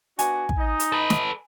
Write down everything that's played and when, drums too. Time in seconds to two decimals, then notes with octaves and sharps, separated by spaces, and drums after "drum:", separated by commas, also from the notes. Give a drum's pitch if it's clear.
0.19 B3 D4 F#4 G#5, drum: hi-hat
0.49 drum: kick
0.59 D#4 D#5
0.80 drum: hi-hat
0.92 A4 B4
1.10 drum: snare